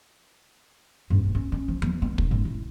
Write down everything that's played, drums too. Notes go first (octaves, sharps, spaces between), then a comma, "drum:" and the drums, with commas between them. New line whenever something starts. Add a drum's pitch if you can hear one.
G2
E1
C#4
C#4
F3
E2, drum: tom F3
B3
B1, drum: kick
G#2
E4